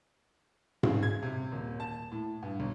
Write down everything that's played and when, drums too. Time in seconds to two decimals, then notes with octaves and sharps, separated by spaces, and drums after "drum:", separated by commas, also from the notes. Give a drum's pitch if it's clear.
0.83 C#3, drum: tom G#2
1.03 G#6
1.23 C3
1.52 D#1
1.80 A5
2.12 A2
2.43 G2
2.60 B1